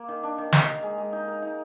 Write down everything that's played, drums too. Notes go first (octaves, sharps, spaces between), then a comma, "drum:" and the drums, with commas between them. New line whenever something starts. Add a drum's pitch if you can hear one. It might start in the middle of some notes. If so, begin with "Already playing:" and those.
Already playing: A#3
D#3
D4
D#3
A#4, drum: snare
A#4
G#3
G#3
D#4
A#4
D#4